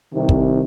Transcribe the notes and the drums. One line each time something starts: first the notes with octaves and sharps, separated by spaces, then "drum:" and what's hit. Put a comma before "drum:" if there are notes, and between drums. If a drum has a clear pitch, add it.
C2 C3 D#3
drum: kick